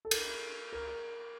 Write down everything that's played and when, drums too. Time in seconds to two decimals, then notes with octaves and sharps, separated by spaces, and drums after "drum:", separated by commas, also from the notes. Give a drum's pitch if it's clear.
0.05 A4
0.11 A#4, drum: cymbal
0.73 A#4